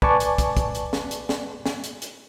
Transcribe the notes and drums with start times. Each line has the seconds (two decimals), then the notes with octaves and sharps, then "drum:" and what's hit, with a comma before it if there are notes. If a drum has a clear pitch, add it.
0.02 B4 D5 G#5 A5 C#6 D6, drum: kick
0.20 drum: hi-hat
0.38 drum: kick, hi-hat
0.57 drum: kick, hi-hat
0.75 drum: hi-hat
0.93 drum: snare
1.11 drum: hi-hat
1.29 drum: snare
1.66 drum: snare
1.84 drum: hi-hat
2.02 drum: hi-hat